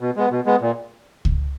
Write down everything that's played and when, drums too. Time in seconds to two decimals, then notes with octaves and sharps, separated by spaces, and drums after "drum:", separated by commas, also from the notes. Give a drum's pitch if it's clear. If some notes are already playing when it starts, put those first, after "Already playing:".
0.01 B2
0.16 G#3 B3
0.31 B2
0.46 G#3 B3
0.61 A#2
1.25 drum: kick C#2